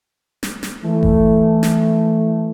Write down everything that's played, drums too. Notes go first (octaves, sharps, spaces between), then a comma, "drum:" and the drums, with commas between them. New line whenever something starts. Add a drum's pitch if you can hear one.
drum: snare
drum: snare
E3 A3
drum: kick G1
drum: snare